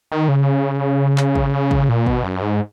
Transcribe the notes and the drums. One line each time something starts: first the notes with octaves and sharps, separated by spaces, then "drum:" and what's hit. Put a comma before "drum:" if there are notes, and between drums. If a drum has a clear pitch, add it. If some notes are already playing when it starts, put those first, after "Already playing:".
D#3
C#3
drum: clap
drum: kick
drum: kick
A#2
B2, drum: kick
F#2
G#2